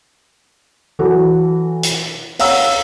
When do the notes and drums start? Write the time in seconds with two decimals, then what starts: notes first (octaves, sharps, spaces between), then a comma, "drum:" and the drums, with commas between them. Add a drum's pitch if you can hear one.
0.99 E3 F#3 F#4 A4
1.83 drum: hi-hat
2.39 C#5 F5 F#5 A#5 E6, drum: open hi-hat